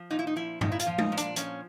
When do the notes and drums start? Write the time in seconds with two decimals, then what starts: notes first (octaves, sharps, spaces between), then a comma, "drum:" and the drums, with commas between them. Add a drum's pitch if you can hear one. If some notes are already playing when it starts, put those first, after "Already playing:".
Already playing: F3
0.11 A#2 D#4
0.19 E4
0.27 D#4
0.36 F3 E4
0.61 A#2 D#4, drum: tom G2
0.72 E4
0.79 F4, drum: hi-hat
0.86 F3
0.98 D#4, drum: tom G#3
1.12 A#2
1.17 D4, drum: hi-hat
1.36 F3 C#4, drum: hi-hat